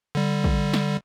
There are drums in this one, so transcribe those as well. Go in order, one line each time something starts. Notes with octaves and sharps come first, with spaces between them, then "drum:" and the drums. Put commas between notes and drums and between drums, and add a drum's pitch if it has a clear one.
D3 G3
drum: kick
drum: snare